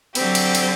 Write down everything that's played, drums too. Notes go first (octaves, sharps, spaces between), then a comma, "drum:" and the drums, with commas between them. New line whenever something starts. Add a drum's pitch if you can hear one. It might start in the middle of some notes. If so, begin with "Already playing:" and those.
D3 F#3 C4 G4, drum: cymbal
drum: cymbal
drum: cymbal